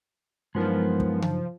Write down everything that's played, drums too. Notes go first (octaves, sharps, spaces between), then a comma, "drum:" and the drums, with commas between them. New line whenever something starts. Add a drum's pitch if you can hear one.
G2 F3 F#3 G#3 B3 D#4 A#4
drum: kick
drum: tom C#3